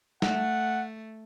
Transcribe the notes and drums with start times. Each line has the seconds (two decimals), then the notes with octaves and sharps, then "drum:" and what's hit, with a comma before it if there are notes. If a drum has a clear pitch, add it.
0.22 A3 F#5, drum: snare